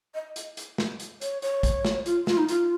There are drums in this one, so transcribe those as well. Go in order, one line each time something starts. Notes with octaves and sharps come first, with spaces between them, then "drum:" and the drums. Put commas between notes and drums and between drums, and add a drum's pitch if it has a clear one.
D#5
drum: hi-hat
drum: hi-hat
drum: snare
drum: hi-hat
C#5, drum: hi-hat
C#5, drum: hi-hat
drum: kick, hi-hat
drum: snare
F4, drum: hi-hat
F4, drum: snare
D#4
F4, drum: hi-hat